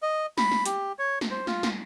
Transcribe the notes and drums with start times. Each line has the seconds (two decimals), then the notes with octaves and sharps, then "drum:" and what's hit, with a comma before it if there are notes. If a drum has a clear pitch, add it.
0.02 D#5
0.38 B5, drum: snare
0.52 drum: snare
0.65 G4, drum: hi-hat
0.99 C#5
1.21 drum: snare
1.31 C5
1.47 F4, drum: snare
1.63 drum: snare